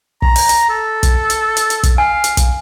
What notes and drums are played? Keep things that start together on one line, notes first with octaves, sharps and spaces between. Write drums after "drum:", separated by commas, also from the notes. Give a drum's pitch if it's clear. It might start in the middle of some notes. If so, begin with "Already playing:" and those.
A#5, drum: kick
drum: open hi-hat
drum: hi-hat
A4
drum: kick, hi-hat
drum: hi-hat
drum: hi-hat
drum: hi-hat
drum: kick, hi-hat
F5 G#5
drum: hi-hat
drum: kick, hi-hat